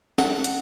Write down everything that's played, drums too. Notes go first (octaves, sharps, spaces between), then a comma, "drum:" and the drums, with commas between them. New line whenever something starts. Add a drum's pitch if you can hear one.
F#5, drum: snare
drum: hi-hat